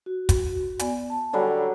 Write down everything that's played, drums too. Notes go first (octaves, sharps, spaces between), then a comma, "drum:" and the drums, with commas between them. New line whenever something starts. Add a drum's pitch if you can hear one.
F#4
drum: kick, hi-hat
B3 D5 G#5, drum: hi-hat
A5
D3 F#3 G3 C#5 G#5 B5